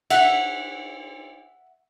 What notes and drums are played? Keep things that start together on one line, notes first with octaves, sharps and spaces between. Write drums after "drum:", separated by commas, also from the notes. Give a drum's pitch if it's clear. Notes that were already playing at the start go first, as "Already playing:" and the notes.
E5 F#5, drum: cymbal